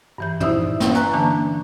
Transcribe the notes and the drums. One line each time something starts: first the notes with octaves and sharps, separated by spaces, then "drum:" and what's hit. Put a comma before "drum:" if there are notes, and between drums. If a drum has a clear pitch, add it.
G2 E3 G6
D#4 E4 C5 D5 E5, drum: tom
C#4, drum: snare
B4 D5 G#5 A#5 C#6 F#6, drum: hi-hat
D3 E3 A#3 D4 A5 A#5